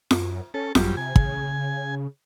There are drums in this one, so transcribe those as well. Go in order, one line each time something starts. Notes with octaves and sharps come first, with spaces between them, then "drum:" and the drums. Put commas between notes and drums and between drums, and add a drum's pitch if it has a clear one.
F#2, drum: snare
C#4 A4
G#1 F#2 G3, drum: snare
C3 G#5
C#3, drum: kick